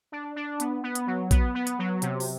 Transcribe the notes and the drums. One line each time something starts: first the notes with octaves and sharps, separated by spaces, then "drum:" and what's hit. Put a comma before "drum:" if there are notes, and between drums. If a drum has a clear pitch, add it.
D4
D4
B3, drum: hi-hat
B3
drum: hi-hat
F#3
B3, drum: kick A#1, hi-hat
B3
drum: hi-hat
F#3
C3, drum: hi-hat
drum: open hi-hat